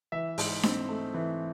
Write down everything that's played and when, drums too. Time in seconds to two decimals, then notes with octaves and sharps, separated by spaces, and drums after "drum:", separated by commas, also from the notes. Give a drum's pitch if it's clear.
0.12 E3 E5
0.38 G#2, drum: open hi-hat
0.63 C4, drum: snare D4
0.89 A3
1.14 E3